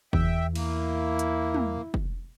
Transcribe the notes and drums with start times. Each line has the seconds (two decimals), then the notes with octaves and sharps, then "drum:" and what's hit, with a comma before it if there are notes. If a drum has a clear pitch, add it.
0.13 E2 E5 G5, drum: kick
0.55 A#3 E4, drum: cymbal
1.19 drum: hi-hat
1.54 drum: tom
1.94 drum: kick